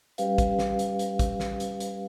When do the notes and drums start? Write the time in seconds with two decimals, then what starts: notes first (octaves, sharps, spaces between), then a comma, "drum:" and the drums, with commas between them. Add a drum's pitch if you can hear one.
0.18 G3 C#4 G4 B4 F5, drum: hi-hat
0.38 drum: kick, hi-hat
0.59 drum: snare
0.79 drum: hi-hat
0.99 drum: hi-hat
1.19 drum: kick, hi-hat
1.40 drum: snare
1.60 drum: hi-hat
1.80 drum: hi-hat